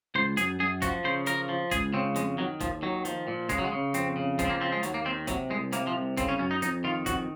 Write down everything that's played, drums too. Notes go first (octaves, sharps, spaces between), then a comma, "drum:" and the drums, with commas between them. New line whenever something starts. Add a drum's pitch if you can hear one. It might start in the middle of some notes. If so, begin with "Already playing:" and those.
C#2 C5
F#2 G#4, drum: hi-hat
F#2 G#4
F3 F#4, drum: kick, hi-hat
C#3 C5
F3 A#4, drum: hi-hat
F3
C#2 G#4, drum: kick, hi-hat
C#3 C4
F2 G#3, drum: hi-hat
D#3 F#3
D#2 F3, drum: kick, hi-hat
D#3 F#3
F3, drum: hi-hat
A#2
C#3 G#3, drum: kick, hi-hat
F#3
G#3
C#3
F2 C4, drum: hi-hat
C#3
F3 G#3, drum: kick, hi-hat
C4
A#3
F3 C4
G#3
D#2 F#3, drum: hi-hat
A#3
D#3 C4
C3 F#3, drum: kick, hi-hat
C2 G#3
C3 A#3, drum: hi-hat
F3
C2
C#3 C4, drum: kick, hi-hat
C#4
F#2 C#4
D#4
F2 D#4, drum: hi-hat
D#3 F4
F2 F#4, drum: kick, hi-hat